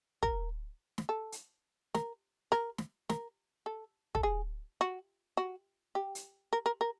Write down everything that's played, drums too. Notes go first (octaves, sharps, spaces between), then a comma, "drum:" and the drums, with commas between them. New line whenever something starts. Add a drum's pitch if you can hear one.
A#4, drum: kick
drum: snare
A4
drum: hi-hat
A#4, drum: snare
A#4, drum: rim click
drum: snare
A#4, drum: snare
A4
A4, drum: kick
G#4
F#4
F#4
G4
drum: hi-hat
A#4
A#4
A#4